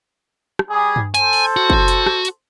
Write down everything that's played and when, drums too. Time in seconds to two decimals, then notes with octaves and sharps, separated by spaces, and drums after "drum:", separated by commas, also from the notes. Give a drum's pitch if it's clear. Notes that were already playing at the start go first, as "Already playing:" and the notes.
0.59 drum: rim click
0.70 G3 G#4
0.96 drum: tom G2
1.14 A4 C5 G#5, drum: hi-hat
1.33 drum: open hi-hat
1.56 F#4
1.70 drum: kick
1.88 drum: hi-hat
2.06 drum: rim click
2.25 drum: hi-hat